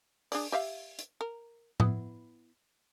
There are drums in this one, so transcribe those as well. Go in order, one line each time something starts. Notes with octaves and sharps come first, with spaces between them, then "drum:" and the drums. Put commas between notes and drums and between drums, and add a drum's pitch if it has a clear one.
D4 G#4 D5, drum: open hi-hat
G4 E5 F5
drum: hi-hat
A#4
B3 E4, drum: tom A2